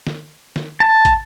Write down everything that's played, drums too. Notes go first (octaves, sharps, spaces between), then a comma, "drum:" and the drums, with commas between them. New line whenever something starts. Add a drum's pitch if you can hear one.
drum: snare
drum: snare
A5
drum: kick, hi-hat